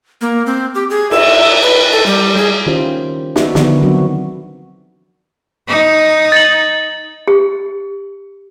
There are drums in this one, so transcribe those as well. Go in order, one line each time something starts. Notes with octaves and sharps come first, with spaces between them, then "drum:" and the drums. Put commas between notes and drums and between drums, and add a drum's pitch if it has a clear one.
A#3
C4
G4
G#4
E5, drum: cymbal
B4
A4
G3
G#4
D#3 C#4 E4 F4 G4 C5
D#4 F#4 B4 D5 E5, drum: snare
D3 D#3 F3 B3, drum: snare
F#3 C4 D4 F#4
D#4
A6 F#7
G4